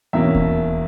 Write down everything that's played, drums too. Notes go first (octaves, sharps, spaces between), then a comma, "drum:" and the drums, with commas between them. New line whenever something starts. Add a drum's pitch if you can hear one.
E2 B2 A#3 C#4 E5
drum: kick D#1